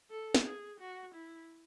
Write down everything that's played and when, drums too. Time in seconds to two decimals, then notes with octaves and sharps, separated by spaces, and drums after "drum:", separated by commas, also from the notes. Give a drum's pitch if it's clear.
0.10 A4
0.34 drum: snare
0.45 G#4
0.79 F#4
1.14 E4